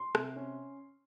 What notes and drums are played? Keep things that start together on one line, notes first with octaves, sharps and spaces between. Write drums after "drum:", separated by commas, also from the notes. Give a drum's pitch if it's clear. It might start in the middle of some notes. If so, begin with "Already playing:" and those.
Already playing: C6
C3, drum: rim click
C#4